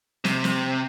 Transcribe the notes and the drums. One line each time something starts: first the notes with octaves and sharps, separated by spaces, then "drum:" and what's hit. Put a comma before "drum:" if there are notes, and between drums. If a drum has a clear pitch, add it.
C3, drum: snare
drum: snare